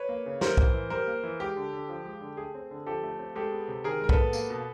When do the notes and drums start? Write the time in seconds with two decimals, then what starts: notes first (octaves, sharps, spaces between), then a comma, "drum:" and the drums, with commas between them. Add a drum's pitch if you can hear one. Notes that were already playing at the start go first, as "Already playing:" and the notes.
Already playing: B4 C#5
0.09 A#3
0.26 C#3
0.41 A#3 A#4 C5, drum: snare
0.57 E3, drum: kick B1
0.74 E3
0.90 G3 A#4 C5
1.07 A#3
1.23 E3
1.40 G#3 G4
1.56 D3
1.73 D3
1.89 F3
2.05 G#3
2.21 D3
2.37 A3 G#4
2.55 C4
2.71 D3
2.86 F3 G4 A4
3.04 A3
3.19 C4
3.35 G#3 G4 A4
3.52 B3
3.68 C3
3.84 D#3 G#4 A#4
4.01 G#3 A#4
4.09 A4 B4, drum: kick B1
4.17 B3
4.33 A#3, drum: tambourine
4.50 B2